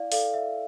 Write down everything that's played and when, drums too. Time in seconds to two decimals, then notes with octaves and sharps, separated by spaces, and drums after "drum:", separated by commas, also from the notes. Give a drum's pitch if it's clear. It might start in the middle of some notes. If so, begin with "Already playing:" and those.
Already playing: E4 D5 F5
0.12 A4 D5 F5, drum: open hi-hat
0.34 E5